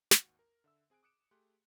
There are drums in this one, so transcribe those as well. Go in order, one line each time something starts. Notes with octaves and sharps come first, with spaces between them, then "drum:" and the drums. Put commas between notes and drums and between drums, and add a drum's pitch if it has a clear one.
G#1 D#2 F#4, drum: snare
A#4
D3 E5 E6
C4 G#4 G#5 F#6 D7
D6 D#6 F#6 C#7 D7 E7
A3 G4 G#4 C6 F#6